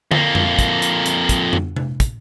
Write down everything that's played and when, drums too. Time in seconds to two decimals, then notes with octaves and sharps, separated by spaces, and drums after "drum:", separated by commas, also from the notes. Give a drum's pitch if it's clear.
0.12 F2 A#3, drum: tom D3
0.35 drum: tom F2
0.59 drum: kick, hi-hat
0.82 drum: hi-hat
1.06 drum: hi-hat
1.29 drum: kick, hi-hat
1.53 drum: tom F2
1.76 drum: tom C3
2.00 drum: kick, hi-hat